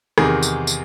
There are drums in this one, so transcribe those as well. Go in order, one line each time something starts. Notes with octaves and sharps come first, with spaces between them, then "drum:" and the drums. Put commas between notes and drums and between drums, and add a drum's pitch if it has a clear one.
E2 C3 D#3 G#4, drum: rim click
drum: tambourine
drum: tambourine